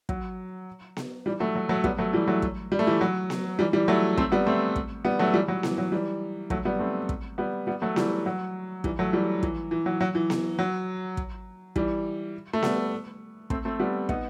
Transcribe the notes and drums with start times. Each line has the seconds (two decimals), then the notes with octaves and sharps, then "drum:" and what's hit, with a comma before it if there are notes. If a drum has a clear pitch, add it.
0.09 F#3, drum: kick
0.97 drum: snare B3
1.26 E3 G3
1.40 F#3 A3
1.55 F#3
1.69 F#3 A3
1.84 G3 B3, drum: kick
1.98 F#3 A3
2.13 E3 G3
2.28 F#3 A3
2.42 drum: kick
2.72 G3
2.79 A3
2.87 E3 G3
3.01 F#3
3.30 drum: snare B3
3.59 E3 G3
3.73 E3 G3
3.88 F#3 A3
4.18 A3 C4, drum: kick
4.32 G3 B3
4.47 A3 C4
4.76 drum: kick
5.05 G3 B3
5.19 F#3 A3
5.34 E3 G3
5.48 F#3
5.63 E3, drum: snare B3
5.78 F#3
5.92 E3 G3
6.50 F#3 A3, drum: kick
6.65 G3 B3
6.79 A3 C4
7.09 drum: kick
7.38 G3 B3
7.67 G3 B3
7.82 F#3 A3
7.96 E3 G3, drum: snare B3
8.26 F#3
8.84 E3 G3, drum: kick
8.99 F#3 A3
9.13 E3 G3
9.43 E3, drum: kick
9.71 E3
9.86 F#3
10.01 F#3
10.15 E3
10.30 drum: snare B3
10.59 F#3
11.17 drum: kick
11.76 E3 G3, drum: kick
12.53 A3
12.63 G3 B3, drum: snare B3
13.50 A3 C4, drum: kick
13.65 A3 C4
13.80 G3 B3
14.09 B3 D#4, drum: kick